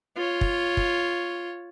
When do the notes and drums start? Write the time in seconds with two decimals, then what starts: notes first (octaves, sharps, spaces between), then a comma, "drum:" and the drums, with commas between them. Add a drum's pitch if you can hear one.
0.17 F4 C#5
0.41 drum: kick
0.77 drum: kick